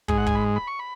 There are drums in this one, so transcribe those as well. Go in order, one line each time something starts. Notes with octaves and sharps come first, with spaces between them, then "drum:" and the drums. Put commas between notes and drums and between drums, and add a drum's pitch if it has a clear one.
G#2 G#3 G#4, drum: kick
F#5
G#5, drum: kick
B5
B5
C#6
B5